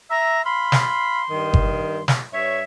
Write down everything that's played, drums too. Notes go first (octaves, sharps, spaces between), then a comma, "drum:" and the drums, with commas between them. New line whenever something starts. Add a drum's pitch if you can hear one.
E5 A#5
F5 B5 C6
drum: snare
G2 D#3
drum: kick G1
drum: snare
G2 C#5 E5